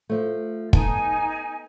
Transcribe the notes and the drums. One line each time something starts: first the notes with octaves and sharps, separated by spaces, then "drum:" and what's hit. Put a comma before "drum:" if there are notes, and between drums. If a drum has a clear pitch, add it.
F3 A3
B3 D#4 G#5 A5, drum: kick